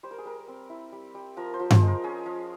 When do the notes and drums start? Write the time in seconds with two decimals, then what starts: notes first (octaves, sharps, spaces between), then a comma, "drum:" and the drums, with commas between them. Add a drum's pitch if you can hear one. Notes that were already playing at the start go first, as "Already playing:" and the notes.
0.03 G3 C5
0.11 A#4
0.18 G#4
0.25 G3 A#4
0.48 C4
0.70 E4
0.93 G3
1.15 G3
1.37 F3 A#4
1.54 C5
1.59 F3
1.71 C5, drum: tom G2
1.82 G#3
1.87 A#4
2.04 C#4 G#4
2.26 F3